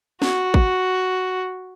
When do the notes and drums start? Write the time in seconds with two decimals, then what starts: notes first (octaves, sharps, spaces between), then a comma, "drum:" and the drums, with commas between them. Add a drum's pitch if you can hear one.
0.22 F#4, drum: snare
0.54 drum: kick